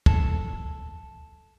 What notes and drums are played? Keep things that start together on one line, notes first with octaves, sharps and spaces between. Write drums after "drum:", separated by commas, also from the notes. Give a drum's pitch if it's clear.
A4, drum: kick